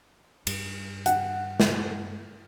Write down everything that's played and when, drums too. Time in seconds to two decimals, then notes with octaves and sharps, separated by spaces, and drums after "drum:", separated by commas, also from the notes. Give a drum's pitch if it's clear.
0.47 G2, drum: cymbal
1.06 F#5, drum: hi-hat
1.60 drum: snare